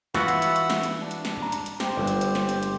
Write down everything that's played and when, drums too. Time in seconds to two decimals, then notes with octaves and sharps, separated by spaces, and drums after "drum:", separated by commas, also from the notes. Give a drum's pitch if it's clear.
0.14 E3 F4 F#4 E5 F#5 B5, drum: snare
0.28 drum: hi-hat
0.42 drum: hi-hat
0.56 drum: hi-hat
0.70 drum: snare
0.83 drum: hi-hat
1.01 D4
1.11 drum: hi-hat
1.25 drum: snare
1.42 A#5
1.52 drum: hi-hat
1.66 drum: hi-hat
1.80 G4 C5, drum: snare
1.97 G1
2.07 drum: hi-hat
2.21 drum: hi-hat
2.35 drum: snare
2.49 drum: hi-hat
2.63 drum: hi-hat